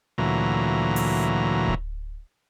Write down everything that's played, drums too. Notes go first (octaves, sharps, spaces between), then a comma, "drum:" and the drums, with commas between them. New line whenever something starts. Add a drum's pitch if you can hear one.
D2 A#2 E3 F#3 A#5
drum: open hi-hat
drum: kick D1